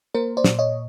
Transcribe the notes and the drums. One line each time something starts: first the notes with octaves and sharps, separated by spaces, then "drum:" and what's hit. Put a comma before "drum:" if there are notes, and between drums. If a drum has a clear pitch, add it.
A#3 A#4 C5
C5 D5
A#2, drum: snare
C#5 D#5